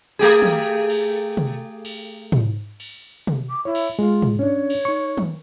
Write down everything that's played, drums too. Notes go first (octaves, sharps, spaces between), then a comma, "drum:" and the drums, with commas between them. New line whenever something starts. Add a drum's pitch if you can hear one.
A3 G4 G#4
drum: tom
drum: cymbal
drum: tom
drum: cymbal
drum: tom
drum: cymbal
drum: tom
D6
E4 C#5
drum: cymbal
G#3 F4
drum: tom
C#4 D4 C#5
drum: cymbal
D#4 C#6
drum: tom